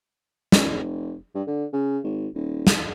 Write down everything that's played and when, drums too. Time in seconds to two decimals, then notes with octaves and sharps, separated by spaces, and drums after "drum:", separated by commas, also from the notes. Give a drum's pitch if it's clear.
0.52 C#2, drum: snare
0.70 F1
1.35 G2
1.47 D3
1.73 C#3
2.04 G#1
2.34 D#1
2.67 drum: snare